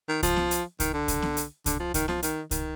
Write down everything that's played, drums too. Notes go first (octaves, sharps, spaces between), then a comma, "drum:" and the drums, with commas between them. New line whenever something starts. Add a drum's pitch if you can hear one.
D#3
F3, drum: kick C2, hi-hat
drum: snare B3
drum: hi-hat
D#3, drum: kick C2, hi-hat
D3
drum: kick C2, hi-hat
drum: snare B3
drum: hi-hat
D3, drum: kick C2, hi-hat
F3
D#3, drum: kick C2, hi-hat
F3, drum: snare B3
D#3, drum: hi-hat
D#3, drum: kick C2, hi-hat